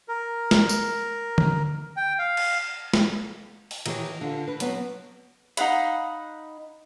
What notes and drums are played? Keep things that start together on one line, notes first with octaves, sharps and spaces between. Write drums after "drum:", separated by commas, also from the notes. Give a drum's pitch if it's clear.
A#4
drum: snare
drum: tambourine
drum: tom D3
G5
F5
drum: cymbal
drum: snare
drum: open hi-hat
D#3 E3 G4 C#5, drum: cymbal
D3 F4
B4
F#3 B3 C4, drum: hi-hat
D#4 F5 F#5 B5, drum: hi-hat